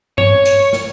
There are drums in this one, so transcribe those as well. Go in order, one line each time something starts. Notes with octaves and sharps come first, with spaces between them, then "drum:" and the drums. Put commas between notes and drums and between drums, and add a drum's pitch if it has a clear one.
C#5, drum: tom G2
drum: hi-hat
drum: snare